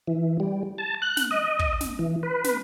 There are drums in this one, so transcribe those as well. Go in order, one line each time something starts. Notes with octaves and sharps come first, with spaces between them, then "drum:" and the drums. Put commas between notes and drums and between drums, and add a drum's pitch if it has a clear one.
E3
G3
A5
F#6
drum: snare
D#5
drum: kick
drum: snare
E3
B4
drum: snare